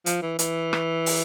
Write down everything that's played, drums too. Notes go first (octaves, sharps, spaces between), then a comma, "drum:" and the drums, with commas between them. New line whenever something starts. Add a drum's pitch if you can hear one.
F3, drum: hi-hat
E3
E3, drum: hi-hat
drum: rim click
drum: open hi-hat